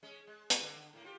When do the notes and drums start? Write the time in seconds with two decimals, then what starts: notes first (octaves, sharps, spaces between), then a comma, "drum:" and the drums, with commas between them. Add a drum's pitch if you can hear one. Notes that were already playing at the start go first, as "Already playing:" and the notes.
0.03 G#3 C#4
0.27 G#3
0.50 drum: hi-hat
0.60 D3 A#3
0.76 D3
0.93 A2 A#3
1.04 F4 G4